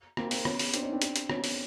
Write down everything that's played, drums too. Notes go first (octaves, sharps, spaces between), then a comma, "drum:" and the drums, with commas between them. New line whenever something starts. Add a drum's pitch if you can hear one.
A#3 C4, drum: rim click
A#3 C4, drum: open hi-hat
B3 C#4, drum: rim click
drum: open hi-hat
C4 D4, drum: hi-hat
C#4 D#4
C4 D4
drum: hi-hat
drum: hi-hat
B3 C#4, drum: rim click
drum: open hi-hat